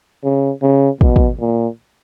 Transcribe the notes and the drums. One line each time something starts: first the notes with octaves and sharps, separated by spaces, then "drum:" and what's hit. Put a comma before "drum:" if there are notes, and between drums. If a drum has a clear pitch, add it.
C#3
C#3
B2, drum: kick
drum: kick
A#2